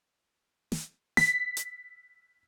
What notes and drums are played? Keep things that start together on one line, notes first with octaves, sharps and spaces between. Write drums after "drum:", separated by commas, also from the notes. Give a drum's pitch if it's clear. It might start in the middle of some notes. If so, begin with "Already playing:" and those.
drum: snare
B6, drum: snare
drum: hi-hat